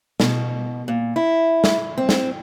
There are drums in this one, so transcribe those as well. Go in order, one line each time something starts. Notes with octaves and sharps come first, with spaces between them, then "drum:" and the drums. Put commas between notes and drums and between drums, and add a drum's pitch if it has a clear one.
B2, drum: snare
A#2
E4
drum: snare
C4
drum: snare